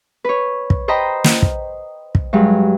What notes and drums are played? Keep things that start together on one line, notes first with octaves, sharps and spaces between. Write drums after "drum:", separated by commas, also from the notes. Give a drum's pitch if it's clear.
B4 C#5
drum: kick
C5 D#5 G5 A#5 B5
drum: snare
drum: kick
drum: kick
G2 F#3 G#3